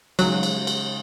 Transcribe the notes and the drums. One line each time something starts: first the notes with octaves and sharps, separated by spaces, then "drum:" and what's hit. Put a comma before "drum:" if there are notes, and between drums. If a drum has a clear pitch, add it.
C#3 F#3 G#3 D#4, drum: cymbal
drum: cymbal
drum: cymbal